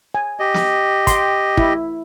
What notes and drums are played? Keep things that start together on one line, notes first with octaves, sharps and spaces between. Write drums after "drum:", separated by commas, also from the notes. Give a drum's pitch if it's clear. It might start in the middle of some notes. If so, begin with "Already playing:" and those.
G#5
G4 D#5
drum: snare
G5 C6, drum: kick, hi-hat
E4, drum: kick